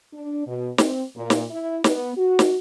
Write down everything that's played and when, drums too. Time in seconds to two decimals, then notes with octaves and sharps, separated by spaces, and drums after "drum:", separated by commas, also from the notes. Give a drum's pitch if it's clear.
0.13 D4
0.47 B2
0.78 C4, drum: snare
1.16 A#2
1.30 drum: snare
1.51 E4
1.84 B3, drum: snare
2.17 F#4
2.39 drum: snare